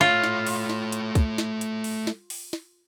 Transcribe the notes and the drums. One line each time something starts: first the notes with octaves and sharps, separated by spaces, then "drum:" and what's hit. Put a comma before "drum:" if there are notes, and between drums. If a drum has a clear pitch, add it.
A3 F4 C#5
drum: snare
drum: open hi-hat
drum: snare
drum: hi-hat
drum: kick, hi-hat
drum: snare
drum: hi-hat
drum: open hi-hat
drum: snare
drum: open hi-hat
drum: snare